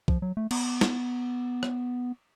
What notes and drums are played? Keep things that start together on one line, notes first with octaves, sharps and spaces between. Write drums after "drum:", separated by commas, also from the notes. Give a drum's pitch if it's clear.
F3, drum: kick
F#3
A3
B3, drum: cymbal
drum: snare
drum: rim click